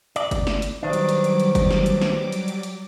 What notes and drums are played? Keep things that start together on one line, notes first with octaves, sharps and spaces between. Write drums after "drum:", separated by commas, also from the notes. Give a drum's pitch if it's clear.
D5, drum: hi-hat
drum: kick G1, hi-hat
drum: snare
drum: hi-hat
D#3 F#3 G3 D4 B4 C5 D6
drum: hi-hat
drum: hi-hat
drum: hi-hat
drum: hi-hat
drum: kick G1, hi-hat
drum: snare
drum: hi-hat
drum: snare
drum: hi-hat
drum: hi-hat
drum: hi-hat